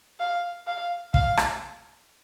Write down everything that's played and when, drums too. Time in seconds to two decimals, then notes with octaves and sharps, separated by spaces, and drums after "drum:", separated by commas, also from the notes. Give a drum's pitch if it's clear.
0.20 F5
0.67 F5
1.14 F5, drum: kick
1.37 drum: rim click